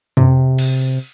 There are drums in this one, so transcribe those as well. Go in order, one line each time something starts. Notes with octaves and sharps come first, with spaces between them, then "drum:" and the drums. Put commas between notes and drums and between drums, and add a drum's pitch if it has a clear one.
C3, drum: tom
drum: cymbal